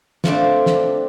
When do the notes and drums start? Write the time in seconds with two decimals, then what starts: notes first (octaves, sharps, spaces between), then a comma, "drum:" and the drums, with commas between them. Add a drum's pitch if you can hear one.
0.24 F3 A3 C4 D4, drum: snare
0.66 drum: snare